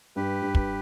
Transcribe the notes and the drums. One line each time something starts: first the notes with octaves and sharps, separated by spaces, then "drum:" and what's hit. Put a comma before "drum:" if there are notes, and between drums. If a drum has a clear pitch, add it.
G2 G4 B4
G2
drum: kick